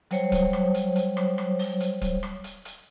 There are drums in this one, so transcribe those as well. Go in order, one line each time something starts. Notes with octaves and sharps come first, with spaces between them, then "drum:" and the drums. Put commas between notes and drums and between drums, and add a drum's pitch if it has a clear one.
F#3 G3 C5 C#5, drum: hi-hat
drum: kick D1, hi-hat
drum: rim click
drum: hi-hat
drum: hi-hat
drum: rim click
drum: rim click
drum: open hi-hat
drum: hi-hat
drum: kick D1, hi-hat
drum: rim click
drum: hi-hat
drum: hi-hat